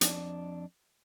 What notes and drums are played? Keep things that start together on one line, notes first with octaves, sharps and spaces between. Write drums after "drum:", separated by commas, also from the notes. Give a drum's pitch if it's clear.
F2 D4, drum: hi-hat